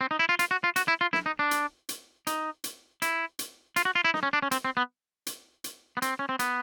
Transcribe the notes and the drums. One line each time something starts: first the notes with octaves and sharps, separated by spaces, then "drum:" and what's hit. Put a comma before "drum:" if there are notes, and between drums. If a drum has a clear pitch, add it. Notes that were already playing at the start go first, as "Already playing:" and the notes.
C4
D#4
E4
F4
F4, drum: hi-hat
F#4
F4
F#4, drum: hi-hat
E4
F4
E4, drum: snare
D#4
D4
drum: hi-hat
drum: hi-hat
D#4, drum: hi-hat
drum: hi-hat
E4, drum: hi-hat
drum: hi-hat
F4, drum: hi-hat
F#4
F4
E4
D#4, drum: snare
C#4
D4
C#4
C4, drum: hi-hat
C4
B3
drum: hi-hat
drum: hi-hat
B3
C4, drum: hi-hat
C#4
C4
B3, drum: hi-hat